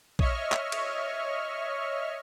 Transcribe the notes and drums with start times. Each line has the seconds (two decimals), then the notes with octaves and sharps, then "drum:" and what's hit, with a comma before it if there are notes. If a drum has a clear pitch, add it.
0.19 C#5 D#5 E5 C#6 F6, drum: kick
0.52 drum: clap
0.72 drum: cymbal